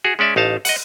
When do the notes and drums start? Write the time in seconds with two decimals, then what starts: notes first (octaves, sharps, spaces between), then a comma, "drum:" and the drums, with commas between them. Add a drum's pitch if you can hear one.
0.04 F#4 G#4
0.19 G#3 C#4 D5 E5
0.36 A1 D#4 F5 A5
0.65 D#5 F#5, drum: open hi-hat